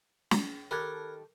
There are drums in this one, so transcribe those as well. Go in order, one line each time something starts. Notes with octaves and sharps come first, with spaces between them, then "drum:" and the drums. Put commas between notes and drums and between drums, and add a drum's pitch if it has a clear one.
drum: snare
D#3 G4 A4 A#4 B5 F#6 G#6